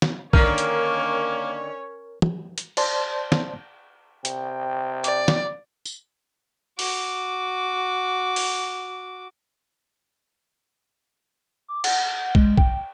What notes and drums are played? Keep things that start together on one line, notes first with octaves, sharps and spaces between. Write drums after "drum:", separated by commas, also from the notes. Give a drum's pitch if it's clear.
drum: snare
D3 D#3 A#3 C#4 A#4 C#5 F6, drum: kick
drum: hi-hat
drum: tom
drum: hi-hat
C5 D5 A5 C6, drum: cymbal
drum: snare
C3 G5, drum: hi-hat
D5, drum: hi-hat
drum: snare
drum: tambourine
F#4 D6, drum: open hi-hat
drum: open hi-hat
D6
F#5, drum: cymbal
G#3, drum: kick
G5, drum: kick